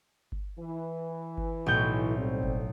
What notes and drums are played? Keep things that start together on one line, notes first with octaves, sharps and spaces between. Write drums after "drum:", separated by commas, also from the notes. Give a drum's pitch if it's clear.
drum: kick G1
E3
drum: kick G1
B1 A2 G6
G3 C4
drum: kick G1